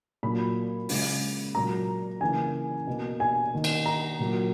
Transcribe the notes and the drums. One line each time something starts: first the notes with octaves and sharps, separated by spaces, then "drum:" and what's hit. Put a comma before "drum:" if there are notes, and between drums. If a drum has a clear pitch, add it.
A#2 F#3 A#3 B5
C#3 G#3, drum: open hi-hat
A#2 F#3 A#3 A#5
C#3 E3 A#3 G#5
B2 A#3
G#5
D#3 A#3
drum: cymbal
A#5
A#2 F#3 A#3